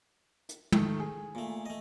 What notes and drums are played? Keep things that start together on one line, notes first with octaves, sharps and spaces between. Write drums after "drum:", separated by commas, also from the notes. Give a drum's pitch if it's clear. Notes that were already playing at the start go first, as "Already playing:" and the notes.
drum: hi-hat
D#3 A3, drum: tom
G#4
A#2 A3
A3 D#5